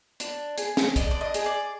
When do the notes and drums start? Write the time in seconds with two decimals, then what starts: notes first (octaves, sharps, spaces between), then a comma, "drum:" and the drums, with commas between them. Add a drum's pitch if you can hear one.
0.20 D4, drum: hi-hat
0.58 G#4, drum: hi-hat
0.77 drum: snare
0.96 D4 D#5, drum: kick, hi-hat
1.11 D5
1.21 D#5
1.34 G#4, drum: hi-hat
1.46 D5